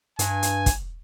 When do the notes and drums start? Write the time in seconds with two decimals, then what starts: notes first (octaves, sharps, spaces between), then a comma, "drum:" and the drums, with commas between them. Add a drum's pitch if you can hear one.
0.19 G2 G#5, drum: hi-hat
0.43 drum: hi-hat
0.66 drum: kick, hi-hat